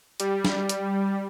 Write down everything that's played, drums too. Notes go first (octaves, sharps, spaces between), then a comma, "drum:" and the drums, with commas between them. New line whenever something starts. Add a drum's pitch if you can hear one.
G3, drum: hi-hat
drum: snare
drum: hi-hat